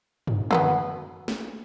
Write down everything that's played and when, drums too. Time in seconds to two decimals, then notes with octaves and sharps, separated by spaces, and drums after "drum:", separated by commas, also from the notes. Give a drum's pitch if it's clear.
0.27 drum: tom
0.51 F#3 A#3 B3, drum: tom
1.28 drum: snare